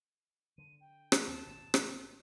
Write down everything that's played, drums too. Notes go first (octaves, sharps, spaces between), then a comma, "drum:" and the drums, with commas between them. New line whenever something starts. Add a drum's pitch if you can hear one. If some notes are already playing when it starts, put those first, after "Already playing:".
D3 D#7
G5
drum: rim click
D#2 A5
G#1 B2
drum: rim click
D#3